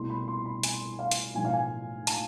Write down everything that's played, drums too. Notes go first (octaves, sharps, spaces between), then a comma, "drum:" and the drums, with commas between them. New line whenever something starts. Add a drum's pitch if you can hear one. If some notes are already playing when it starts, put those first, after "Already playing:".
Already playing: C2 B2 A3 C6
B5
C6
B5
G#5, drum: hi-hat
F5
drum: hi-hat
B1 A2 F3 A3 G#5
F5
G#5
A5, drum: hi-hat